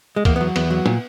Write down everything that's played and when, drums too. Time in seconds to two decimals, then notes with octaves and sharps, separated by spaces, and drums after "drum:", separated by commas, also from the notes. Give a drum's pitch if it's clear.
0.16 G#3
0.25 E2 A#3, drum: kick, cymbal
0.36 F#3 B3
0.56 E2 B3, drum: cymbal
0.70 F#3
0.86 A#2, drum: snare